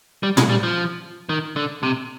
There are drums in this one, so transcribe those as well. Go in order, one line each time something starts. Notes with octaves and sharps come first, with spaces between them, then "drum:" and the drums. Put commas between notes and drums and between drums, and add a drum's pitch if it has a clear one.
G3
G#3, drum: tom
G3
F3
D#3
D3
C3